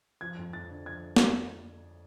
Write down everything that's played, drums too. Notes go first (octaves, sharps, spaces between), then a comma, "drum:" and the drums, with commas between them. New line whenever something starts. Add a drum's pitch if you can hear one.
F3 G#6
F2
F2 A6
D3
F3 G#6
drum: snare